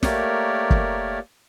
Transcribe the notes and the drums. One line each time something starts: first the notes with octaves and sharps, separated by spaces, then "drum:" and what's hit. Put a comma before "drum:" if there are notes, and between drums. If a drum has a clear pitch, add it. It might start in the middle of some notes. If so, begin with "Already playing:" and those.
A3 A#3 G4 A#4 C#5 D5, drum: snare
drum: kick